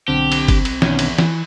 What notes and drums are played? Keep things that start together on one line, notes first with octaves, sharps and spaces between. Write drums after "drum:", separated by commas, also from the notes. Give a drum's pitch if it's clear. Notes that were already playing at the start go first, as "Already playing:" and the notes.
B1 D3 C4 G4
drum: cymbal
drum: kick G1, cymbal
drum: cymbal
E2 B2 D#3 C#4, drum: snare
drum: cymbal
E3, drum: snare